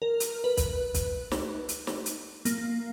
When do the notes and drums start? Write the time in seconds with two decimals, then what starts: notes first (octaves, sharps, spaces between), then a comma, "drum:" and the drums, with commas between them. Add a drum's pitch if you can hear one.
0.02 A#4
0.20 drum: hi-hat
0.44 B4
0.57 drum: kick B1, hi-hat
0.94 drum: kick B1, hi-hat
1.31 drum: snare
1.69 drum: hi-hat
1.87 drum: snare
2.06 drum: hi-hat
2.45 A#3, drum: hi-hat